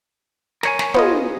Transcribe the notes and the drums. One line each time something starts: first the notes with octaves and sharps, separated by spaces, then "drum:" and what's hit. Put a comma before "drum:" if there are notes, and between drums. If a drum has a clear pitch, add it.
A#4 C#5 G#5, drum: snare
drum: snare
B3 F4 D#5, drum: tom